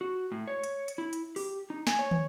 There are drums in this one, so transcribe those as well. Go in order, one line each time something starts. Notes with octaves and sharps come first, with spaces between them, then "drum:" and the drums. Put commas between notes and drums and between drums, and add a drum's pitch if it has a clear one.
F#4
A2
C#5
drum: hi-hat
drum: hi-hat
E4
drum: hi-hat
G4, drum: open hi-hat
D#4
G#5, drum: snare
C#5
drum: tom